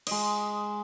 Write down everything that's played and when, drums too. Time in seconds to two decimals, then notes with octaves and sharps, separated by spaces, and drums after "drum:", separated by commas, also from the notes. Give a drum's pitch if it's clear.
0.07 G#3 D#5, drum: cymbal